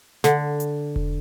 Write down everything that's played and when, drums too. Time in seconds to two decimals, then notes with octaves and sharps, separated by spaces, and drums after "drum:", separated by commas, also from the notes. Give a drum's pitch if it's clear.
0.24 D3, drum: snare
0.60 drum: hi-hat
0.96 drum: kick E1